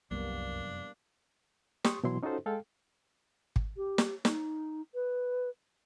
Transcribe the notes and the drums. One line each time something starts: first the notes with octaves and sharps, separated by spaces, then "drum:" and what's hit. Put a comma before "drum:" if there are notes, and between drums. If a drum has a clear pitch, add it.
F1 C2 F#2 F#3 G3 A#3 B3 D4
G4 C6 C#6 D#6, drum: snare
B2 E3 F#3 E4 C6
C#4 D#4 F4 F#4 A4 C5
G#3 A4 F5 G5
drum: kick
G4
drum: snare
D#4, drum: snare
B4